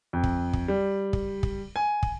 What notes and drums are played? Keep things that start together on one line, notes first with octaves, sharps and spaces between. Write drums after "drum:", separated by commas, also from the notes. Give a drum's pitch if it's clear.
F2
drum: kick
drum: kick
G3
drum: kick
drum: kick
G#5
drum: kick